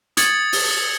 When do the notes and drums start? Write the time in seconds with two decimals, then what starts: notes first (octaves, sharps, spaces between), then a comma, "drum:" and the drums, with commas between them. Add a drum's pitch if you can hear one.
0.17 D#6 G#6 A6 C#7 F#7, drum: hi-hat
0.52 drum: open hi-hat